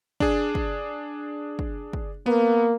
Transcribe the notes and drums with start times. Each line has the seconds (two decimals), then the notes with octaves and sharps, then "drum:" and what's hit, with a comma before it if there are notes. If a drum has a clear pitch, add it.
0.20 D4 G#4, drum: kick
0.55 drum: kick
1.59 drum: kick
1.93 drum: kick
2.26 A#3 B3